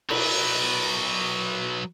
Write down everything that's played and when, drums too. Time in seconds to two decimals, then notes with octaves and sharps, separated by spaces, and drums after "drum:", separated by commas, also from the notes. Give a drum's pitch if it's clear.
0.10 F#3 B4, drum: cymbal